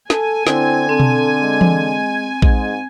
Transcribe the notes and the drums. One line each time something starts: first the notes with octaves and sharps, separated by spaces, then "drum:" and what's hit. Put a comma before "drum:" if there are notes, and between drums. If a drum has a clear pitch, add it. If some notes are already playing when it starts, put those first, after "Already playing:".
A4 G#5, drum: snare
D3 C4 E4, drum: snare
C4 A4
drum: tom B2
G#3
drum: tom E3
G#2 G#3, drum: kick A#1